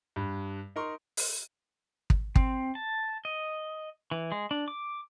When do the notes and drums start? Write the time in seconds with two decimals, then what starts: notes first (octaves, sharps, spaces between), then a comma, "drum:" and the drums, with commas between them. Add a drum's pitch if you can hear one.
0.16 G2
0.76 D#4 A#4 C6 C#6
1.17 drum: open hi-hat
2.10 drum: kick
2.36 C4, drum: kick
2.75 A5
3.25 D#5
4.11 E3
4.32 G#3
4.51 D4
4.68 D6